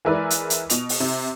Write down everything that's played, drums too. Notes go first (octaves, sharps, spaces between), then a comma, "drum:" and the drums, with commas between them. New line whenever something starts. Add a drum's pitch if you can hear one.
E3 G#3 E4 A#4 B4 D5
drum: hi-hat
drum: hi-hat
B2 F7, drum: hi-hat
drum: open hi-hat
C3